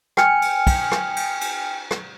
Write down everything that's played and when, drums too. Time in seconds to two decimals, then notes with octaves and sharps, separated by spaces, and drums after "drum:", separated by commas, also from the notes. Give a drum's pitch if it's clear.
0.17 G5 G#5 F6 C#7, drum: rim click
0.42 drum: cymbal
0.67 drum: kick, cymbal
0.92 drum: rim click
1.16 drum: cymbal
1.41 drum: cymbal
1.91 drum: rim click